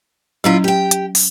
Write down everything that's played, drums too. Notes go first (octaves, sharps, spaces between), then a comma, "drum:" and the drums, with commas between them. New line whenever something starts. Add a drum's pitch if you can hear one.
A#2 F#3 C#4 E4 F4
G4 G5
drum: hi-hat
drum: open hi-hat